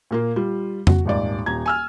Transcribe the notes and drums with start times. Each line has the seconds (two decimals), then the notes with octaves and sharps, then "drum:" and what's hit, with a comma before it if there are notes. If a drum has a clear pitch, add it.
0.11 A#2 A#3 F4
0.36 G3 F4
0.87 F#4, drum: tom F2
1.05 D#1 G#1 D5
1.46 D#1 A#5 G#6
1.66 G#5 E6 F6